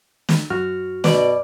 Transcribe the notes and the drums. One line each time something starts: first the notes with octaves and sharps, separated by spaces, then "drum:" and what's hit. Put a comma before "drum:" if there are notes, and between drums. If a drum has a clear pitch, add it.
drum: snare
F#2 F#4 F6
B2 D5, drum: snare